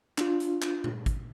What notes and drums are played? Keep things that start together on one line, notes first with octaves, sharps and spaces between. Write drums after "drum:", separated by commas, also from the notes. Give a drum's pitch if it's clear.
D4 F4, drum: clap
drum: hi-hat
drum: clap
drum: tom A#2
drum: kick, hi-hat